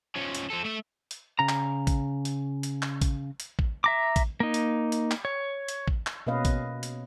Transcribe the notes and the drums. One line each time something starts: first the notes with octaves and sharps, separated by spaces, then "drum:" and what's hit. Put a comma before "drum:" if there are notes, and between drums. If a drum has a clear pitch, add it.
F3 C#4
drum: hi-hat
F3 A4
A3 E5
drum: hi-hat
C#3 A#5
drum: clap
drum: kick A1, hi-hat
drum: hi-hat
drum: hi-hat
drum: clap
drum: kick A1, hi-hat
drum: hi-hat
drum: kick A1
E5 A#5 D6
drum: kick A1, hi-hat
A#3 D#4
drum: hi-hat
drum: hi-hat
drum: clap
C#5
drum: hi-hat
drum: kick A1
drum: clap
B2 A#3 C#4 B4 D#5 F5
drum: kick A1, hi-hat
drum: hi-hat